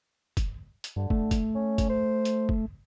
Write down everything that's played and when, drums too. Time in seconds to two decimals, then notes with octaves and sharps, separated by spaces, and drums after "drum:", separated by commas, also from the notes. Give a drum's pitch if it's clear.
0.37 drum: kick, hi-hat
0.84 drum: hi-hat
0.96 G2 D3
1.10 A3, drum: kick
1.31 drum: kick, hi-hat
1.55 C#4
1.78 drum: kick, hi-hat
1.89 C5
2.25 drum: hi-hat
2.49 drum: kick